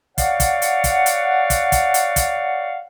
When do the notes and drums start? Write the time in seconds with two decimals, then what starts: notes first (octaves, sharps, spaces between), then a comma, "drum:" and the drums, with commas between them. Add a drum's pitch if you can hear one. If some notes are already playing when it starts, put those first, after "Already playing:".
0.18 C#5 D5 F5 F#5, drum: kick, hi-hat
0.40 drum: kick, hi-hat
0.62 drum: hi-hat
0.84 drum: kick, hi-hat
1.06 drum: hi-hat
1.50 drum: kick, hi-hat
1.72 drum: kick, hi-hat
1.94 drum: hi-hat
2.16 drum: kick, hi-hat